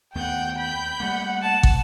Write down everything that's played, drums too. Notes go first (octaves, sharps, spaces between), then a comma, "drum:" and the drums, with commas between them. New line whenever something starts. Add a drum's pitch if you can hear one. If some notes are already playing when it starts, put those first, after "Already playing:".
D#2 A3 B3 F#5 G5 G6
B5 G6
G3 A3 A#3 F#5
A5
drum: kick